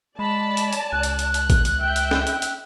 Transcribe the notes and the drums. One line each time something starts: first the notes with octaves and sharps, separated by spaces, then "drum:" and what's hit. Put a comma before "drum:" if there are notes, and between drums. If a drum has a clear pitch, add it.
G#3 D5 A5 B5
drum: hi-hat
drum: hi-hat
C#2 F#6
drum: hi-hat
drum: hi-hat
drum: hi-hat
drum: kick A1, hi-hat
drum: hi-hat
E5 G5
drum: hi-hat
drum: snare
drum: hi-hat
drum: hi-hat